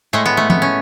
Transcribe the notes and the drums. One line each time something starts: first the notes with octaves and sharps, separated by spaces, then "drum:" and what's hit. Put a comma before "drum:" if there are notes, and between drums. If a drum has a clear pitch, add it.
A2 G#3 A3
B3
A3
B3, drum: tom
C#4